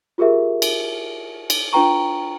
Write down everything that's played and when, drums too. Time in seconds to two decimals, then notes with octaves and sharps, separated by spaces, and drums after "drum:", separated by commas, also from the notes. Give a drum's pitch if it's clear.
0.18 F4 G4 G#4 A#4 E5
0.62 drum: cymbal
1.50 drum: cymbal
1.73 D4 F4 B4 G5 A#5 C#6